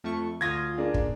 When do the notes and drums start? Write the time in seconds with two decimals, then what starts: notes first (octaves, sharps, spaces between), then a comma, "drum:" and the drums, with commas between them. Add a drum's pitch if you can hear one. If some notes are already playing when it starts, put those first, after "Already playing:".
0.04 F2 A3 C#6
0.41 D2 F4 D#6 G#6 A#6
0.78 A#3 D4 G#4
0.94 drum: kick